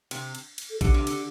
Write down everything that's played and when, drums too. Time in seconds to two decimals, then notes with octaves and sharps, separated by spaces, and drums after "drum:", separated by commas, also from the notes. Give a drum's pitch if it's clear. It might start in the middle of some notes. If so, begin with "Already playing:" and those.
0.11 C3, drum: cymbal
0.35 drum: cymbal
0.58 drum: cymbal
0.70 A4
0.81 D3 G4, drum: kick A#1, cymbal
0.94 C3
1.07 D3, drum: cymbal